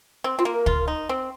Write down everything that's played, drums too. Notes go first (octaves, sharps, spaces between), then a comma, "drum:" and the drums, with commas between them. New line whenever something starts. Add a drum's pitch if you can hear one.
C4
C4 F4
A#3
A#4
F4, drum: kick
D#4
C4